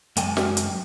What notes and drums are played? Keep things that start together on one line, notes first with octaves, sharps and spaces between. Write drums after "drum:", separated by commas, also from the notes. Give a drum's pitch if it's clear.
F#2 G#3 G5 G#5, drum: hi-hat
drum: snare
drum: hi-hat